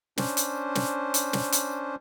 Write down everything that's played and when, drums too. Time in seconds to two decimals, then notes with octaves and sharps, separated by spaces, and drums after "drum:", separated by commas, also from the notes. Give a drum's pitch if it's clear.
0.18 C#4 D4 C5, drum: snare
0.37 drum: hi-hat
0.75 drum: snare
1.14 drum: hi-hat
1.33 drum: snare
1.52 drum: hi-hat